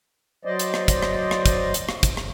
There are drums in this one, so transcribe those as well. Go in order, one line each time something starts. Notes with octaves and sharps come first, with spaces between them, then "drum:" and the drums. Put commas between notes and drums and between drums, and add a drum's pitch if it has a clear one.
F#3 C5 D5 D#5
drum: hi-hat
drum: rim click
drum: kick, hi-hat
drum: rim click
drum: rim click
drum: kick, hi-hat
drum: hi-hat
drum: rim click
drum: kick, hi-hat
drum: rim click